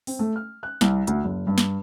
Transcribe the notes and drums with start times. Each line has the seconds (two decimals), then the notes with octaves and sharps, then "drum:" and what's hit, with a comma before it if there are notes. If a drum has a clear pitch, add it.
0.07 C4, drum: open hi-hat
0.19 A3
0.36 F6
0.63 F#6
0.81 C2, drum: snare
1.07 D2, drum: hi-hat
1.24 F#1
1.47 G2
1.58 drum: snare